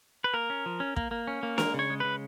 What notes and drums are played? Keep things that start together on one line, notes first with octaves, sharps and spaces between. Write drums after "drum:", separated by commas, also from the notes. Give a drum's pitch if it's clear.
B4
A#3 A#4
C#4
F3
C#4
A#3, drum: kick
A#3
C#4
A#3
G#3 A#4, drum: snare
C#3 C#5
G#3
C#3 B4